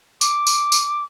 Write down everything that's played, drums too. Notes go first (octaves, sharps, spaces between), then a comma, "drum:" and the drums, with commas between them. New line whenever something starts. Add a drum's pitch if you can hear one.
D6, drum: tambourine
drum: tambourine
drum: tambourine